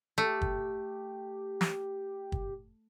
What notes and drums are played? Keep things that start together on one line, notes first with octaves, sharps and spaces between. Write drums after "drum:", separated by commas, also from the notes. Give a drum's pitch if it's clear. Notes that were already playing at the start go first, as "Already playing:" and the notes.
A3 G4
drum: kick
drum: snare
drum: kick